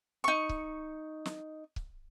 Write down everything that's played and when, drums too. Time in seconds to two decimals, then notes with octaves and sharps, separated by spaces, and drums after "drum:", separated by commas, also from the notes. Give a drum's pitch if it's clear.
0.24 D#4 C#6
0.49 drum: kick C#1
1.26 drum: snare
1.76 drum: kick C#1